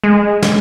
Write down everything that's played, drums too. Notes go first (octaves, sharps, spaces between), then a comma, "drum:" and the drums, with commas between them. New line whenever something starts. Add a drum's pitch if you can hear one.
G#3
drum: snare